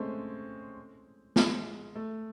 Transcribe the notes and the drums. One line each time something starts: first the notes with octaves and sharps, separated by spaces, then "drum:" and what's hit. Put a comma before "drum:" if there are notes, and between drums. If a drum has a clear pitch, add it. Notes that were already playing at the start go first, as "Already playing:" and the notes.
Already playing: G#3 A3 C4 C#4
G#3, drum: snare
A3